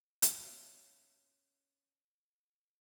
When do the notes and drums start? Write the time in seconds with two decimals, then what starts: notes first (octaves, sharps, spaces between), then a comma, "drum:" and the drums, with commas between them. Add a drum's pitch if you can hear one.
0.22 C#4 C#5 D#5 F5, drum: hi-hat